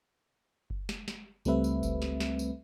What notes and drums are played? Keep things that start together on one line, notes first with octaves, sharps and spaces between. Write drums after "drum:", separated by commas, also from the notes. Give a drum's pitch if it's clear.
drum: kick F#1
drum: snare
drum: snare
C#2 G3 A3 C4 B4 E5, drum: tambourine
drum: tambourine
drum: kick F#1, tambourine
drum: snare
drum: snare
drum: tambourine